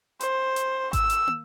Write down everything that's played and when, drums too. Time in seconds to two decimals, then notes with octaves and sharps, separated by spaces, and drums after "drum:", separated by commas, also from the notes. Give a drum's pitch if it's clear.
0.21 C5, drum: hi-hat
0.56 drum: hi-hat
0.93 E6, drum: kick G#1, hi-hat
1.10 drum: hi-hat
1.27 drum: tom